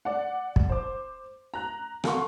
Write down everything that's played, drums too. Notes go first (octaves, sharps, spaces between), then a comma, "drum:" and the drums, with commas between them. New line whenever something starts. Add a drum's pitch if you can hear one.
D5 F#5
drum: kick
C5 D6
A#5 F#6
A4 A#4 F5 F#5 C6 C#6, drum: rim click